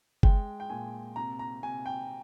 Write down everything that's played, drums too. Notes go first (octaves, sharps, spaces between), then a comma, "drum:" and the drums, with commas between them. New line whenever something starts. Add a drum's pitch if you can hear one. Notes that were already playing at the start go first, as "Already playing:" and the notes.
G#3 G5, drum: kick G1
G5
A#2 G#5
C3 A#5
A#5
C3 G#5
G5